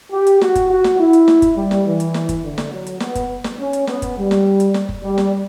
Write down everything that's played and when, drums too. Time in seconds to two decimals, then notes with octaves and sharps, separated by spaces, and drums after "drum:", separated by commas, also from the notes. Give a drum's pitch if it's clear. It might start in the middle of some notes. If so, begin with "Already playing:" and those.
0.12 G4
0.27 drum: hi-hat
0.41 F#4, drum: snare
0.55 drum: kick F#1, hi-hat
0.70 F#4
0.84 drum: snare
0.99 E4
1.13 drum: hi-hat
1.28 drum: snare
1.42 drum: kick F#1, hi-hat
1.57 G3
1.71 drum: snare
1.86 E3
2.00 drum: hi-hat
2.14 drum: snare
2.29 drum: kick F#1, hi-hat
2.44 D3
2.58 drum: snare
2.71 F#3
2.87 drum: hi-hat
3.00 B3, drum: snare
3.15 drum: kick F#1, hi-hat
3.44 drum: snare
3.59 C#4
3.73 drum: hi-hat
3.87 B3, drum: snare
4.02 drum: kick F#1, hi-hat
4.17 G3
4.31 drum: snare
4.60 drum: hi-hat
4.74 drum: snare
4.89 drum: kick F#1
5.03 G3
5.18 drum: snare